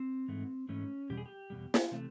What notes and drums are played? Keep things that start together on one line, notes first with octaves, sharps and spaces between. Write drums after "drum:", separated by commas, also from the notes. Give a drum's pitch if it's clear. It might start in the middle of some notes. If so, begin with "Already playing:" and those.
Already playing: C4
G#2 E3 A3
G#2 E3 A3 C#4
E2 B2 G3 G4
G#4
G4
E2 B2 G3
drum: snare
C3 E3 A3